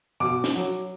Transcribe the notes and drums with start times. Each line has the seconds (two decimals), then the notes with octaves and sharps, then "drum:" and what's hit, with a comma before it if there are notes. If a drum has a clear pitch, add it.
0.20 B2 D6, drum: tambourine
0.44 drum: snare
0.55 F#3
0.67 drum: tambourine